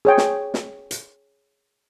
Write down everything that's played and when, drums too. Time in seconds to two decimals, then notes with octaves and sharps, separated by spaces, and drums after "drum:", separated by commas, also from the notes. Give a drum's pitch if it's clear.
0.05 G#4 C#5 G5
0.18 drum: snare
0.54 drum: snare
0.91 drum: hi-hat